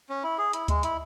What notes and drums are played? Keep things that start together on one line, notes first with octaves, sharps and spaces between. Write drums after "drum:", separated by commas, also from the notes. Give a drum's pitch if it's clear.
C#4
E4
G#4
E4, drum: hi-hat
G#3, drum: kick D2, hi-hat
E4, drum: hi-hat